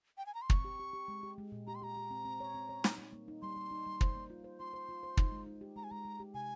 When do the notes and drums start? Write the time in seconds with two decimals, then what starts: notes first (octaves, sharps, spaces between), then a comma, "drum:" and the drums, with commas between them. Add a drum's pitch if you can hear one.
0.18 G5
0.26 G#5
0.35 A#5
0.42 C6
0.50 C4 C#6, drum: kick
0.65 G4
0.80 G4
0.93 G4
1.08 G#3
1.23 G4
1.38 G#3
1.52 A#2
1.67 G4 A#5
1.75 C6
1.82 G4 A#5
1.96 G4
2.11 C4
2.25 C4
2.40 C#5
2.54 C4
2.69 C#5
2.84 D#4, drum: snare
2.98 G3
3.13 A#3
3.28 D#4
3.42 G3 C6
3.56 G3
3.71 D#4
3.86 G3
4.01 C5, drum: kick
4.15 A#3
4.30 F4
4.44 C5
4.60 F4 C6
4.74 C5
4.89 F4
5.03 C5
5.17 D#4, drum: kick
5.32 G#3
5.46 D#4
5.61 G4
5.76 G#3 A#5
5.84 G#5
5.91 G#3 A#5
6.05 G#3
6.20 G4
6.34 C3 G#5